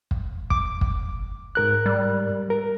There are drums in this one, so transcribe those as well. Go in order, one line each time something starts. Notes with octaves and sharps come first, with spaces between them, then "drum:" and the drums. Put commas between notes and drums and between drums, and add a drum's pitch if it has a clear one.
drum: kick
D6, drum: kick
drum: kick
G#2 A#4 F#6
G3
A#4